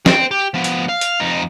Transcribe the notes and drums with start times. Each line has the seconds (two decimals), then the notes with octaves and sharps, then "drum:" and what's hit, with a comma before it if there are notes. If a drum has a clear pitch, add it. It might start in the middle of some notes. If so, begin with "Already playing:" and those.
0.06 C5 G5, drum: snare
0.31 G4
0.54 F3 B3
0.64 drum: hi-hat
0.89 F5
1.01 drum: hi-hat
1.20 F2 D#4